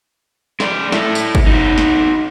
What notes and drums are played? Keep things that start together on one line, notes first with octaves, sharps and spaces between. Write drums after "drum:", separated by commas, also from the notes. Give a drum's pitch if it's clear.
G#3 D5, drum: snare
A3 E4, drum: snare
drum: tambourine
drum: kick
D#4 F#4
drum: snare